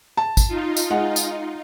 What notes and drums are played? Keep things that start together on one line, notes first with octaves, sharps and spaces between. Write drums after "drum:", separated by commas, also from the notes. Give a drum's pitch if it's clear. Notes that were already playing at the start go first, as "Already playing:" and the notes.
A5
drum: kick, tambourine
D#4 F4
drum: tambourine
G#3 F#5
drum: tambourine